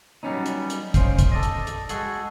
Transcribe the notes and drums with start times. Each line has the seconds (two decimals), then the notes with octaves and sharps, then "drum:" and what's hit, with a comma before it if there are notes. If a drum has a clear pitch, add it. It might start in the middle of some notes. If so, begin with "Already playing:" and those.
0.23 F#3 G3 B3 C#4 D#4
0.46 drum: hi-hat
0.70 drum: hi-hat
0.94 C#4 C5 D#5 F5 G5, drum: kick, hi-hat
1.18 drum: kick, hi-hat
1.32 A4 D5 D#5
1.43 drum: hi-hat
1.67 drum: hi-hat
1.89 G#3 F#4 G#4 A4, drum: hi-hat